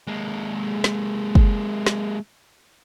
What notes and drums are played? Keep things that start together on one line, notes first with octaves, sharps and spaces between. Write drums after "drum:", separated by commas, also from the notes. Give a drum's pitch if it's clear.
G#3 A#3
drum: snare
drum: kick
drum: snare